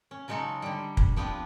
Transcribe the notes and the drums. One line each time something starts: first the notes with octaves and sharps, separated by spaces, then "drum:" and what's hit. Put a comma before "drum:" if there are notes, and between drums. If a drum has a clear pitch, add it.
C#4
C#3 F#3 G#3 D#4 A4
D3 G3
drum: kick
F3 B3 C4 D4